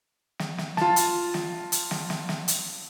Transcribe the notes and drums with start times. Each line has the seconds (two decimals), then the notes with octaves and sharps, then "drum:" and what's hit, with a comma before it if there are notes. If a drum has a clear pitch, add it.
0.39 drum: snare
0.58 drum: snare
0.77 F4 A5, drum: snare
0.96 drum: hi-hat
1.34 drum: snare
1.72 drum: hi-hat
1.91 drum: snare
2.10 drum: snare
2.29 drum: snare
2.48 drum: hi-hat